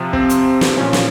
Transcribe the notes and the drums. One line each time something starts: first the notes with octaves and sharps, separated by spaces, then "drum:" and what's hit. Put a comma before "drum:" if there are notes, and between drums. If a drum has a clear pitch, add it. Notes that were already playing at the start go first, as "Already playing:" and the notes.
Already playing: C3 F3
C4, drum: kick
drum: hi-hat
drum: snare
A#2 F3 C#4
drum: snare